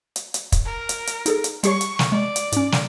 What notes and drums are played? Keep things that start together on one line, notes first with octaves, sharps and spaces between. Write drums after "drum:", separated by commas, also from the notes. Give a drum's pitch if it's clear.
drum: hi-hat
drum: hi-hat
drum: kick, hi-hat
A#4
drum: hi-hat
drum: hi-hat
D#4 G#4 A4, drum: hi-hat
drum: hi-hat
G3 G4 C#5 C#6, drum: hi-hat
drum: hi-hat
drum: snare
G#3 D5
drum: hi-hat
G#2 C#4, drum: hi-hat
drum: snare